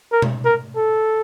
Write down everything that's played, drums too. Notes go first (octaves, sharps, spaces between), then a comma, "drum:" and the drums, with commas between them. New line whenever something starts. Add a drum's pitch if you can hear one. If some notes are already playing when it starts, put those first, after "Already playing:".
A#4
drum: tom B2
A#4
A4